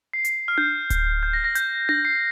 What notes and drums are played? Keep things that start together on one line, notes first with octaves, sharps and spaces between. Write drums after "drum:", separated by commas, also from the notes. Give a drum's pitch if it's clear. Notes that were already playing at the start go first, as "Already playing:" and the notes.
C7
C7, drum: hi-hat
F6
G6, drum: tom D4
drum: kick D1, hi-hat
G6
A#6
A#6
G6, drum: hi-hat
A#6, drum: tom D4
C7